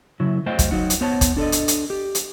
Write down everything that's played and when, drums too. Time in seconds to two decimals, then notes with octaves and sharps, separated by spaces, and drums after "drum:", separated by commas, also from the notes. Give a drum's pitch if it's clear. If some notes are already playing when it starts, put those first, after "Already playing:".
0.20 C#3 F#3 E4
0.46 F#3 A3 C5 D#5 F5 G5
0.59 drum: kick, hi-hat
0.71 F#3 D#4 F#5
0.90 drum: hi-hat
1.01 B3 C5 C#5 F#5 A5
1.21 drum: kick, hi-hat
1.37 D4 A4 D5 D#5
1.52 drum: hi-hat
1.68 drum: hi-hat
1.90 G4
2.15 drum: hi-hat